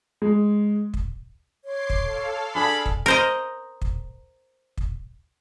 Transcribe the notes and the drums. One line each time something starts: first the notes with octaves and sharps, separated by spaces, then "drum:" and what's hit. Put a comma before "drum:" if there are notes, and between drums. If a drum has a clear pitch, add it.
G#3
drum: kick
C#5 C6 D6 C7
drum: kick
A4 F5
D4 G#4 D5 B5
drum: kick
A#4 C5 D#5
drum: kick
drum: kick